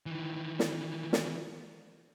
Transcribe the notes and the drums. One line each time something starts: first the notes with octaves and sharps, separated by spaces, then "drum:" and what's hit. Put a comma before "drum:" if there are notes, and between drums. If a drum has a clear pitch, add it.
D#3 E3
drum: snare
drum: snare